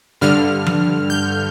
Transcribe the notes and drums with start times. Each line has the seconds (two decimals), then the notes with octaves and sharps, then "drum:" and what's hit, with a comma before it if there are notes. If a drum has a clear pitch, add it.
0.21 G2 D3 F6
0.67 drum: tom F3
1.10 G6